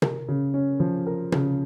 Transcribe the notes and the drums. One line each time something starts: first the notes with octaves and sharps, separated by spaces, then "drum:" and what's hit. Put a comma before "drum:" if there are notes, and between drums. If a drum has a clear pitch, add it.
A#4, drum: tom
C#3
C#4
F3
A#4
C#3, drum: tom